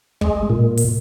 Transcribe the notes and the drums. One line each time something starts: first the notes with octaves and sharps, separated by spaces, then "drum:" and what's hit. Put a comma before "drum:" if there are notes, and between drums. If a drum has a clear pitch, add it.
G#3, drum: kick
A#2
drum: open hi-hat